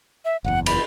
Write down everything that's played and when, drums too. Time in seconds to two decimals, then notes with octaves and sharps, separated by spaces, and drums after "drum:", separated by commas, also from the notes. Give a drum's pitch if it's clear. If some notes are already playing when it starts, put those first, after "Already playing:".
0.25 E5
0.45 F#1 E2 F#5
0.66 B5, drum: cymbal